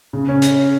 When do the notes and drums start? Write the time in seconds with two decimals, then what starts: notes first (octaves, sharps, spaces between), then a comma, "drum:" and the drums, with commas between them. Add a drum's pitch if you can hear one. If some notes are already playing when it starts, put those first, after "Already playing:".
0.13 C#3
0.28 C#4
0.42 drum: hi-hat